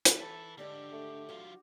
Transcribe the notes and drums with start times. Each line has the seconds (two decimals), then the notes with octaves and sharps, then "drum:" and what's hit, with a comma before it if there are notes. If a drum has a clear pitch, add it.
0.05 drum: hi-hat
0.19 E4 A4 B4
0.58 G#2 D3 D4 G4 D5
0.93 A3
1.29 F#3 F4 F#4